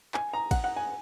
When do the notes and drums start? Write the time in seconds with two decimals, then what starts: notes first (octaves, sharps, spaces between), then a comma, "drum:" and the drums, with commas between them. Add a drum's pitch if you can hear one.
0.14 G#5, drum: clap
0.34 A#5
0.51 F#5, drum: kick, cymbal
0.64 F#5
0.76 G#5